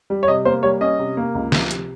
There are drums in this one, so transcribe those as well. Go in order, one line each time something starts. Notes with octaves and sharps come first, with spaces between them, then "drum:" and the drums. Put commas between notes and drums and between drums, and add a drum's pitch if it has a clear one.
G3
C#5
C3 D#5
A#3 C5
G3 C#5
C#4 D#5
C3
A#3
C#2
F3, drum: snare
C3, drum: hi-hat